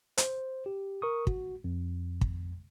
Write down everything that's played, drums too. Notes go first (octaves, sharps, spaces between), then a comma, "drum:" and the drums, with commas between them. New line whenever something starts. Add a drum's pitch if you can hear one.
C5, drum: hi-hat
G4
A#4 C#6 D#6
F#4, drum: kick
F2
drum: kick